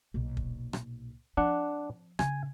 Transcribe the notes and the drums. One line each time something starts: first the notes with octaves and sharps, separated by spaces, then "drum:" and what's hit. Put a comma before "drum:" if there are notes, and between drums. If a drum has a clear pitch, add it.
B1 A#2
drum: kick
drum: rim click
F3 C4 D4 F#5
C#3 D4 G#5, drum: rim click